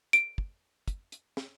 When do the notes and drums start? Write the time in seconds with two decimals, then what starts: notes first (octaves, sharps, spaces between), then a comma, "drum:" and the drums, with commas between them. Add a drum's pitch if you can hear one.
0.13 D7, drum: hi-hat
0.38 drum: kick
0.88 drum: kick, hi-hat
1.12 drum: hi-hat
1.37 drum: snare